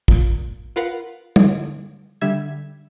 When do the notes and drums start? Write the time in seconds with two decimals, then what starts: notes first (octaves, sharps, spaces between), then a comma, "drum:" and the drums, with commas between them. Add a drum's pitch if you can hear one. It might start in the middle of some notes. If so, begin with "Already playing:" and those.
0.08 A#2, drum: kick
0.76 F4 A#4 B4 F5 F#5
1.36 D3, drum: tom
2.21 D3 G3 E5 G#6